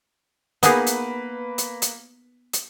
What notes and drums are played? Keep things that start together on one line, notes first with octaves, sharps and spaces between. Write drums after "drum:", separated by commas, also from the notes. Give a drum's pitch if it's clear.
A#3 B3 D#4 G#4 B4, drum: hi-hat
drum: hi-hat
drum: hi-hat
drum: hi-hat
drum: hi-hat